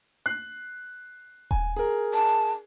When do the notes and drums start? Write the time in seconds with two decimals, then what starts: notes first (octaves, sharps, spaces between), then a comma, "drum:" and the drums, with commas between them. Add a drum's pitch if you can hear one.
0.26 F#6 C7
1.51 G#5, drum: kick D#1
1.76 G#4 A#4
2.14 A5